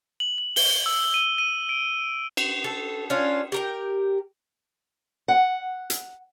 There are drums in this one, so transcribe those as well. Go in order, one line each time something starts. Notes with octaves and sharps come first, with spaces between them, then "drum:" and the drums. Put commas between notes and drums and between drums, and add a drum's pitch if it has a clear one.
F#7
F#7
G7, drum: open hi-hat
E6
D#7
D#7
D7
drum: cymbal
A4
C#4 D4 F4
G4 A#4 G5
F#5
drum: hi-hat